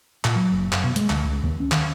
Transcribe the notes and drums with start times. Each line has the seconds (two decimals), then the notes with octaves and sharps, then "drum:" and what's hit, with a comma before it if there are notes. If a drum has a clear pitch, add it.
0.25 A#2, drum: clap
0.36 F#3
0.52 F#1
0.72 F#2, drum: clap
0.84 B2
0.96 G#3, drum: hi-hat
1.10 D2, drum: clap
1.24 C#2
1.43 D#2
1.60 C#4
1.72 D#3, drum: clap